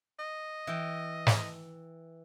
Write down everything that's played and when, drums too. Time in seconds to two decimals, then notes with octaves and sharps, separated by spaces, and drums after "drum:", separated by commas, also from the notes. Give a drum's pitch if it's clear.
0.19 D#5
0.67 E3 G5
1.27 drum: snare